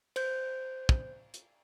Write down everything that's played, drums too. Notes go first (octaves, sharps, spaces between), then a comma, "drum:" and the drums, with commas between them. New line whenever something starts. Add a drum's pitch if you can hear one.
C5 G6, drum: cymbal
drum: kick
drum: hi-hat